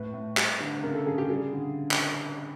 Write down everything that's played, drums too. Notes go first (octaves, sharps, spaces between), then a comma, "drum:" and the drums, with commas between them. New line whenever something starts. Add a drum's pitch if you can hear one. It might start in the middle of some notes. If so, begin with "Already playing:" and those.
Already playing: A2 B4
A2
G3, drum: clap
D3
C#3 A#4
A4
C#3 G#4
G4
G3 G#4
D3
drum: clap